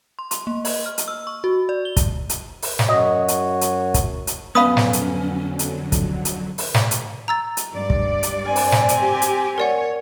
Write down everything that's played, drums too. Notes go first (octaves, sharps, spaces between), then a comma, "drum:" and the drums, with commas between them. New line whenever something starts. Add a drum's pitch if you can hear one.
C6
C6, drum: hi-hat
A#3
D#5, drum: open hi-hat
F6
drum: hi-hat
E6
C#6
F#4
D5
G7
drum: kick, hi-hat
drum: hi-hat
drum: open hi-hat
drum: snare
F#2 F#4 C#5 D#5
drum: hi-hat
drum: hi-hat
drum: kick, hi-hat
drum: hi-hat
F2 D3 F#3 B3 C#4 F5 B5 D#6
drum: snare
drum: hi-hat
drum: hi-hat
drum: kick, hi-hat
drum: hi-hat
drum: open hi-hat
drum: snare
drum: hi-hat
A#5 E6 A6
drum: hi-hat
G2 D5
drum: kick
drum: hi-hat
C4 G#5
drum: open hi-hat
drum: snare
drum: hi-hat
G4
drum: hi-hat
A#4 C#5 D5 F#5